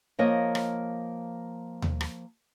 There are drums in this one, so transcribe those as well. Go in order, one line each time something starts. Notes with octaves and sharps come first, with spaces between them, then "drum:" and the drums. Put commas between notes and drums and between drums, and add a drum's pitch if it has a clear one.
F3 A#3 C#5 D#5
drum: rim click
drum: tom D#2
drum: rim click